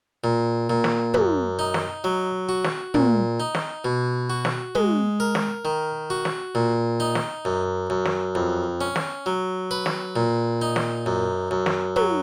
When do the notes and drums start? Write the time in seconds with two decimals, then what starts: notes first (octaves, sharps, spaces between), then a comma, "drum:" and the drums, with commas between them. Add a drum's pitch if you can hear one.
0.24 A#2
0.70 A#2
0.84 drum: snare
1.14 F#2, drum: tom
1.59 D#4
1.74 drum: snare
2.04 F#3
2.49 F#4
2.64 drum: snare
2.94 A#2, drum: tom
3.40 D#4
3.55 drum: snare
3.85 B2
4.30 F#4
4.45 drum: snare
4.75 G#3, drum: tom
5.20 A#4
5.35 drum: snare
5.65 D#3
6.10 F#4
6.25 drum: snare
6.55 A#2
7.00 D#4
7.15 drum: snare
7.45 F#2
7.90 F#2
8.05 drum: snare
8.35 F2
8.81 C#4
8.96 drum: snare
9.26 F#3
9.71 B4
9.86 drum: snare
10.16 A#2
10.62 D#4
10.76 drum: snare
11.06 F#2
11.51 F#2
11.66 drum: snare
11.96 F#3, drum: tom